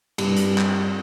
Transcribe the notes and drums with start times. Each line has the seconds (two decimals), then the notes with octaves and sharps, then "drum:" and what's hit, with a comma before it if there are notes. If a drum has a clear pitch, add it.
0.18 G2, drum: cymbal
0.36 drum: hi-hat
0.58 drum: clap